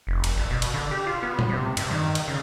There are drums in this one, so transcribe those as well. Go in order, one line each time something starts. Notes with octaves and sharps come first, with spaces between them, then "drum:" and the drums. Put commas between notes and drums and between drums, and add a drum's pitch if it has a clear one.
F1
drum: cymbal
G1
B2
drum: cymbal
D3
G4
F4
B3
drum: tom A#2
C3
G2, drum: cymbal
D#3
drum: cymbal
C#3